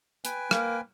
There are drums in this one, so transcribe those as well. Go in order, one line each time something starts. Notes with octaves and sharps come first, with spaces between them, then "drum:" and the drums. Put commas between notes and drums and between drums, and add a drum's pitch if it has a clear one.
B4 G5 G#5, drum: hi-hat
A#3, drum: rim click